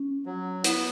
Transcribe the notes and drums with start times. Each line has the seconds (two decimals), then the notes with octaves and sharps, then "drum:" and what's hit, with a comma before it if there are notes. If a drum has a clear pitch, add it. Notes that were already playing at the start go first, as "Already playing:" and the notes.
Already playing: C#4
0.26 F#3
0.64 B3 E4, drum: hi-hat